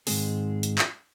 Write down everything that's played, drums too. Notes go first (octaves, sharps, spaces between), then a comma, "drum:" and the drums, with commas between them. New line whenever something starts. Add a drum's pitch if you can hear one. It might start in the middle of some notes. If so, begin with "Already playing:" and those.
G#2 D#3 G#3 C4 G#4, drum: open hi-hat
drum: hi-hat
drum: clap